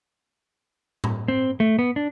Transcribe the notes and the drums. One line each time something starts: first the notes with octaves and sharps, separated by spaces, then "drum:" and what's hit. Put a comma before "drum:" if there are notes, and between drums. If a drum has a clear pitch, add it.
drum: tom A2
C4
A3
B3
D4